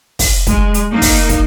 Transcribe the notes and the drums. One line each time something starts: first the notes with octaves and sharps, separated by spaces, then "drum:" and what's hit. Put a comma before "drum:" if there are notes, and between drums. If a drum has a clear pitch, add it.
drum: kick, open hi-hat
G#3, drum: kick, hi-hat
drum: hi-hat
A#3 D#4
drum: kick, open hi-hat
drum: kick, hi-hat